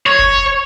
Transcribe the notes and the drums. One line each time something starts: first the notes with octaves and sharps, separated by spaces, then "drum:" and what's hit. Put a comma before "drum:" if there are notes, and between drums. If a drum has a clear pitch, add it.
C#5
drum: kick F1